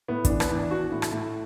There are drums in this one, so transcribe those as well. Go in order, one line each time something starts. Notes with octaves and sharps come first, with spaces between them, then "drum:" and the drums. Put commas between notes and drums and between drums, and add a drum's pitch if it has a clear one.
A2 B3
E3 D4, drum: kick, hi-hat
B3, drum: rim click
E3 D4
E3 F#4
A2
drum: rim click
A2